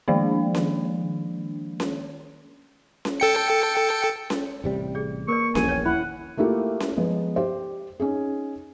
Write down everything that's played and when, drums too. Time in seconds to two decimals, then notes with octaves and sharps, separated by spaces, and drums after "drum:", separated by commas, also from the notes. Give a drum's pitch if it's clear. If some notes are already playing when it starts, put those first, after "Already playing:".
0.08 D#3 F3 G#3 A#3 D4
0.55 drum: snare C#4
1.80 drum: snare C#4
3.05 drum: snare C#4
3.20 A4 G5 C#7
4.30 drum: snare C#4
4.64 A1 C3 G3
4.95 G#4 D5
5.28 A#3 A#4 B4 D5 C#6
5.55 D#1 A#1 E2 G4 A#4 G#5, drum: snare C#4
5.69 C#4 B4 C#5
5.85 E4 F#5 B5
6.38 A3 A#3 E4 F4 G4
6.80 drum: snare C#4
6.97 F3 G#3 B3
7.36 G4 C5
8.00 C#4 D#4 G#4